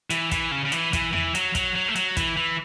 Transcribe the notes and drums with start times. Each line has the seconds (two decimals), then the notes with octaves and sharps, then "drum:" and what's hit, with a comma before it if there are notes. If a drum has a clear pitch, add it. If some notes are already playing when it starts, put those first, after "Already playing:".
0.10 E3, drum: hi-hat
0.31 E3, drum: kick, hi-hat
0.52 C#3
0.65 C#3
0.72 E3, drum: hi-hat
0.93 E3, drum: kick, hi-hat
1.13 E3, drum: tom E2
1.35 F#3, drum: hi-hat
1.55 F#3, drum: kick, hi-hat
1.75 F#3
1.88 A3
1.95 F#3, drum: hi-hat
2.17 E3, drum: kick, hi-hat
2.37 E3